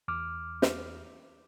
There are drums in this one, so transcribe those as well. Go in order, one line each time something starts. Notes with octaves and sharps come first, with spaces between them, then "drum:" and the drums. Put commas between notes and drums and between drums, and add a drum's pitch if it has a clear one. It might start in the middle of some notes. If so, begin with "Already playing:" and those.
E2 D6 F6
drum: snare